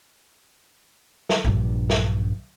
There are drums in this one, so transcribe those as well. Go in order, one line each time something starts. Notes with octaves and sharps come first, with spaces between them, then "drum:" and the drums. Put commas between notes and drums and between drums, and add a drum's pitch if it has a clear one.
drum: snare
A#1 G2
drum: snare